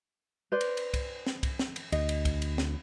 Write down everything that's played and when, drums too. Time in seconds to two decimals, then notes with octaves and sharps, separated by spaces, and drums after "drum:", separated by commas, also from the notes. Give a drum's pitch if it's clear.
0.52 B4 C5 D5
0.61 drum: cymbal
0.77 drum: cymbal
0.94 drum: kick C2, cymbal
1.27 drum: snare
1.43 drum: kick C2, cymbal
1.59 drum: snare
1.76 drum: cymbal
1.92 D2 D#5, drum: cymbal
2.09 drum: cymbal
2.25 drum: kick C2, cymbal
2.42 drum: cymbal
2.58 drum: snare